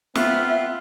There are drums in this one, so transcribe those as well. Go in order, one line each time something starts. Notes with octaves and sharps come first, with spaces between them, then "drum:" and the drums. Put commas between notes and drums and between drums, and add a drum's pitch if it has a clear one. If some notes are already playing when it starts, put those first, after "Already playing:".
B3 C4 F4 E5, drum: snare